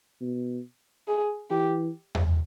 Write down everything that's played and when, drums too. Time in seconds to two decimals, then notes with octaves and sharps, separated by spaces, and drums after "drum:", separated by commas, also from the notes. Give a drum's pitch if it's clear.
0.21 B2
1.08 G#4
1.51 E3 G4
2.15 drum: tom E2